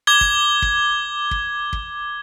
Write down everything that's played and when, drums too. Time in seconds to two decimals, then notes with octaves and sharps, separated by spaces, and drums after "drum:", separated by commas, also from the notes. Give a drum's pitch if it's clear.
0.07 D6 G#6 G7
0.21 drum: kick
0.62 drum: kick
1.31 drum: kick
1.73 drum: kick